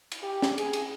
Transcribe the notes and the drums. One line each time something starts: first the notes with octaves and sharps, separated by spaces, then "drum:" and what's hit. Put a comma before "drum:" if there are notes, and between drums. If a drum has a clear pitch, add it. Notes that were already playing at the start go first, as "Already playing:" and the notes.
drum: cymbal
G4
drum: snare
G#4, drum: cymbal
drum: cymbal